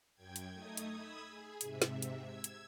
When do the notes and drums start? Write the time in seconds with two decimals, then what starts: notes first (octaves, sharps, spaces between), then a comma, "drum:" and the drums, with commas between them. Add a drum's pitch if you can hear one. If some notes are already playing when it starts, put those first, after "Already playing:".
0.14 F#2 G5 G#6
0.36 drum: hi-hat
0.53 A3 D#4 D#6 G#6
0.77 drum: hi-hat
0.91 B5 D#6 E6 G#6
1.26 G#4
1.61 G#2 C3 E5, drum: hi-hat
1.82 drum: snare
2.02 drum: hi-hat
2.19 E6 G#6
2.44 drum: hi-hat